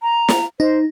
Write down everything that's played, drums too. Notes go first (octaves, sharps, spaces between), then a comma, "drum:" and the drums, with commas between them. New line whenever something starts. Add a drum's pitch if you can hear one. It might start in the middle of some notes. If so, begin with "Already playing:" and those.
A#5
drum: snare
D#4 C5